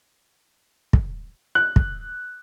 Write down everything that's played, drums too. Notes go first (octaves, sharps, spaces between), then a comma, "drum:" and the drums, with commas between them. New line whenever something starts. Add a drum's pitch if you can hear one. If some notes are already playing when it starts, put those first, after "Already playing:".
drum: kick
F#6
drum: kick